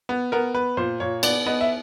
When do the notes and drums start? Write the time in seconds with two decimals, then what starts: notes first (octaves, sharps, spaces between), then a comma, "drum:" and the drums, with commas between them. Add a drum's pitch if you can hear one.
0.09 B3
0.32 B3 A#4
0.54 B3 B4
0.77 A#2 C5
1.00 A#2 C#5
1.23 B3 D5, drum: cymbal
1.46 B3 D#5
1.61 E5